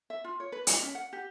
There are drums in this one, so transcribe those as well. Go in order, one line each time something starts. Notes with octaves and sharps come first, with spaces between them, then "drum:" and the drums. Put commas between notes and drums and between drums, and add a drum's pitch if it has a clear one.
E5
F4
C#5
B4
D#5, drum: hi-hat
C#4
F#5
G4